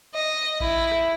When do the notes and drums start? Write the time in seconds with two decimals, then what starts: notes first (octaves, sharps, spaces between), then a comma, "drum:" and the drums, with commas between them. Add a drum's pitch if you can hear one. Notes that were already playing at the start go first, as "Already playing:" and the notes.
0.15 D#5
0.60 E4, drum: kick A1
0.91 drum: rim click